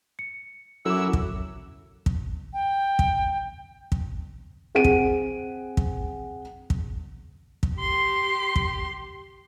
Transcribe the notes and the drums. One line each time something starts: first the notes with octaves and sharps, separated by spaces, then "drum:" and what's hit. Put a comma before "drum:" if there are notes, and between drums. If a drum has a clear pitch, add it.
C#7
F#2 F#3 E4 A4 D6 E6
drum: kick
drum: kick
G5
drum: kick
drum: kick
C4 G#4 F#5 D7 D#7
drum: kick
drum: kick
drum: kick
drum: kick
G4 C6
drum: kick